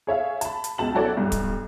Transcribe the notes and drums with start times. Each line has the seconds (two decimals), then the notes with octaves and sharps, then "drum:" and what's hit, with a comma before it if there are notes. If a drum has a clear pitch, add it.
0.07 G#4 C#5 E5 F5
0.41 A5 B5, drum: hi-hat
0.64 drum: hi-hat
0.78 C#2 B2 A5 F#7
0.94 F#3 E4 F#4 A4 C#5 D5
1.17 B1 G2
1.32 drum: kick, hi-hat